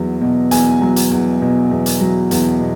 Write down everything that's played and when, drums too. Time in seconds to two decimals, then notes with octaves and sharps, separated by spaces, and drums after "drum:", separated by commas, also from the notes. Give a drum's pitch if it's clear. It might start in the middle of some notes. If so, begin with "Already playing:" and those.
Already playing: E2 F#3
0.21 B2
0.51 E2 G#5, drum: hi-hat
0.81 F#3
0.96 drum: hi-hat
1.11 E2
1.41 B2
1.71 E2
1.86 drum: hi-hat
2.01 F#3
2.31 E2, drum: hi-hat
2.60 B2